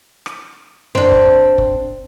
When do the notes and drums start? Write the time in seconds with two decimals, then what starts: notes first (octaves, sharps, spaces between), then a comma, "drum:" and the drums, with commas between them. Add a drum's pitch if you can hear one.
0.26 drum: rim click
0.95 C4 D4, drum: tom F2
1.11 drum: kick
1.58 drum: kick